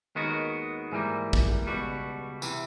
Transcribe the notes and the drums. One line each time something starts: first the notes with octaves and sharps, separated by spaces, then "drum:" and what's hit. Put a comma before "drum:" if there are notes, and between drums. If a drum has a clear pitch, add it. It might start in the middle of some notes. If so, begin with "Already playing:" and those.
D#2 D#3 G#3 B3 F#4
G#2 E3 G3 A#3
drum: kick
C#2 B2 G3 F#4
C3 E3, drum: tambourine